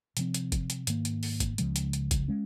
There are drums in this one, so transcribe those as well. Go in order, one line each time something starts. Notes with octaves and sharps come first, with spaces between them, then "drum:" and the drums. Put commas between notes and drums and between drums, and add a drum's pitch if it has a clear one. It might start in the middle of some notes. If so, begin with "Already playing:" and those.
C3 F3 C4, drum: hi-hat
drum: hi-hat
drum: kick F#1, hi-hat
drum: hi-hat
G#2 D#3 A#3, drum: hi-hat
drum: hi-hat
drum: open hi-hat
drum: kick F#1, hi-hat
C#2 C#3 F3 G#3, drum: hi-hat
drum: hi-hat
drum: hi-hat
drum: kick F#1, hi-hat
G#3 C#4